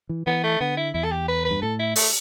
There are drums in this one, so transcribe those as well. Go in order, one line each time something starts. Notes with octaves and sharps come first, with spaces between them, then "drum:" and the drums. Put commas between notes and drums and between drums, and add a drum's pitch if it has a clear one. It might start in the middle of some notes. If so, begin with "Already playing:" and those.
E3
E3 B3
A3
D3 B3
E4
E2 E4
A4
G4
B4
B4
G2
A2 A4
E4
A3, drum: open hi-hat